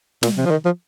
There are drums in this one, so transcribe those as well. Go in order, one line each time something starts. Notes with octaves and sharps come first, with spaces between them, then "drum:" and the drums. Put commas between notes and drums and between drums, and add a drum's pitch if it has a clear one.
A#2, drum: snare
C3
F3
D#3
F3